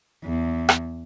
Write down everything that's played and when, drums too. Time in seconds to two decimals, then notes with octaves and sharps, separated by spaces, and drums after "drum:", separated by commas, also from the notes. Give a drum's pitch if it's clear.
0.25 E2
0.69 drum: rim click